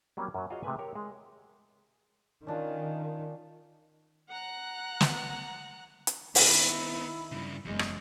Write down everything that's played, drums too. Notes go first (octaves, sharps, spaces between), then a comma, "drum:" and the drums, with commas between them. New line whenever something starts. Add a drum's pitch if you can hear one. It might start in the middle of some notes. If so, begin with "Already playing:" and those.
F#3 G3 A#3 C4 C#4
F#2 F#3
F4 F#4 G#4 C#5 D#5 F5
C3 G#3 A3 B4 G#5
G4 A#4 C#5
G#3
D#3 C#4 D4 F4
F#5 A#5 F#6
drum: snare
drum: hi-hat
D#3 B3 C4 E4, drum: open hi-hat
G2 C#3
F#1 E2 G#3
drum: rim click